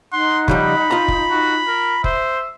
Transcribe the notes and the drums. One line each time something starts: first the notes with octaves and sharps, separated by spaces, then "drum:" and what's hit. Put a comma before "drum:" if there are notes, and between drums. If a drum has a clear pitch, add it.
D#4 F#5 C6
C#3 F3 G3 B5, drum: kick F1
F4 A#5
drum: kick F1
F#4
A#4
C5 E5, drum: kick F1